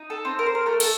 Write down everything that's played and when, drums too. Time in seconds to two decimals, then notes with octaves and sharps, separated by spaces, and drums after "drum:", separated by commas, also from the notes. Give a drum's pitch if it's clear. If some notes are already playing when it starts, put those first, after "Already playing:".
Already playing: D#4
0.10 A4
0.25 C4
0.39 A#4
0.46 C5
0.55 A#4
0.66 A3 A#4
0.80 A4, drum: cymbal